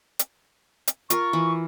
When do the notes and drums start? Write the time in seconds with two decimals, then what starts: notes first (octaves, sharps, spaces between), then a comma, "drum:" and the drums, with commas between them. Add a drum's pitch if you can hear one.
0.19 drum: hi-hat
0.87 drum: hi-hat
1.10 F4 A#4 C#6, drum: hi-hat
1.33 E3